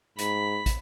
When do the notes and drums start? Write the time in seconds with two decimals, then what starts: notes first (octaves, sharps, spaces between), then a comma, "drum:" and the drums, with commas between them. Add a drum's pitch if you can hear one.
0.19 G#2 B5, drum: hi-hat
0.66 drum: kick, hi-hat